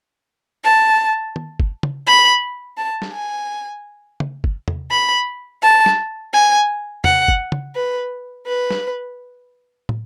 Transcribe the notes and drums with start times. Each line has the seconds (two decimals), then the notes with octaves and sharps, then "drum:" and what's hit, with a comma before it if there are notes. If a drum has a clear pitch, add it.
0.65 A5
1.36 drum: tom
1.60 drum: kick F#1
1.83 drum: tom
2.07 B5
2.77 A5
3.02 drum: snare
3.13 G#5
4.20 drum: tom
4.44 drum: kick F#1
4.68 drum: tom
4.91 B5
5.63 A5
5.86 drum: snare
6.33 G#5
7.04 F#5, drum: tom
7.28 drum: kick F#1
7.52 drum: tom
7.75 B4
8.47 B4
8.71 drum: snare
9.89 drum: tom